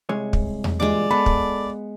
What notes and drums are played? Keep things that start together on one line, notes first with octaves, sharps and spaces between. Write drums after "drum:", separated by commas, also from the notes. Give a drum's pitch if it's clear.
C2 G#3 C#5
drum: kick
drum: tom E2
E2 G2 A#2 G#3 D5 D6
B3 A4 B5
drum: kick